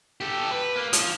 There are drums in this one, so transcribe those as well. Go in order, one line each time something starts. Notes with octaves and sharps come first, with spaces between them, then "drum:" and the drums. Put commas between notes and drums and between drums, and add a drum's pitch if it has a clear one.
G4 A4
B4
A#3
F3, drum: hi-hat